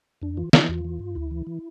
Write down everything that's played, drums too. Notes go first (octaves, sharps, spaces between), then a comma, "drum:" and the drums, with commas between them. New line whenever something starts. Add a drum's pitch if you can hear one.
F2 D4
E3 F4
E3 F4, drum: snare
E4
E2 F4
E3
G2
D2 E4
E3
E3